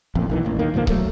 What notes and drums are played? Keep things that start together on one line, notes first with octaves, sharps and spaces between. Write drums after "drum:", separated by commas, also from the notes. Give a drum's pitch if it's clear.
A1 F2 A#2
B1 D#3 E3
A1 A2 A#3
E2 D#3 A#3
C#2 G#2 F3 A#3
E1 F#3 A3 A#3, drum: kick C#1